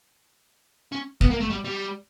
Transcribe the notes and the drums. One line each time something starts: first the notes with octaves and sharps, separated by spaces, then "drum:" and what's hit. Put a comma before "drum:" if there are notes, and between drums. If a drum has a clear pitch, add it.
C#4
B3, drum: kick
A#3
A3
G3
G3